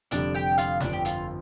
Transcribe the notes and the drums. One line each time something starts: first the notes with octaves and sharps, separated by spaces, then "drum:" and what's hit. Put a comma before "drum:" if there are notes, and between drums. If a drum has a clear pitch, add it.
F1 F2 D3 G3 D4 D5, drum: hi-hat
G4 G5
F4 F5, drum: hi-hat
G1 F2 F3 D4 D5, drum: snare
G4
F4, drum: hi-hat